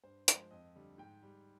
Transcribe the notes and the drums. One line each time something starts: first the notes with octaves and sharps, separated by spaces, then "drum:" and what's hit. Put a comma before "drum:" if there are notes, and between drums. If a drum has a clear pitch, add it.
G2 C5
F3 G#3 C5, drum: hi-hat
F2 D#5
D3 G3
G#2 G5
G3